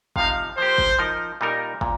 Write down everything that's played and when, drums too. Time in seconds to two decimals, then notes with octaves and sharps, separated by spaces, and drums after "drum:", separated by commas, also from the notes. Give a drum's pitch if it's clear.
0.16 C3 F3 D#4 F5, drum: kick
0.57 F3 A#3 G4 C5
0.78 drum: kick
0.99 F3 D#4 A#4
1.41 A#2 G3 D#4 A#4
1.81 A#2, drum: kick